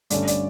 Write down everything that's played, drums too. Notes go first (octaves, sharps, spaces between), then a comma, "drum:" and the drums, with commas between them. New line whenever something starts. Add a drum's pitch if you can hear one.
G2 D3 A3 C#4 D5, drum: hi-hat
D5, drum: hi-hat